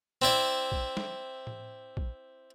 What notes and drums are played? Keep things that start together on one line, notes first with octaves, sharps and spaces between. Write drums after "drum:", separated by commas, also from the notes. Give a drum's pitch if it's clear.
C4 E4 D5
drum: kick A#1
drum: snare
drum: tom A2
drum: kick A#1